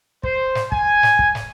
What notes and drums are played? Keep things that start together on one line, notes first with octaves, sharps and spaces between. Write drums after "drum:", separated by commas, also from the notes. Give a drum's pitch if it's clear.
C5, drum: kick
drum: snare
G#5, drum: kick
drum: snare
drum: kick
drum: snare